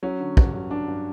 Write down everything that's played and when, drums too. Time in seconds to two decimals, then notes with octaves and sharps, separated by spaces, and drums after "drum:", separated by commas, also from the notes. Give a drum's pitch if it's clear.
0.03 F#3 C#4
0.20 D3
0.37 G2, drum: kick
0.53 F#3
0.71 G2 D4
0.88 G2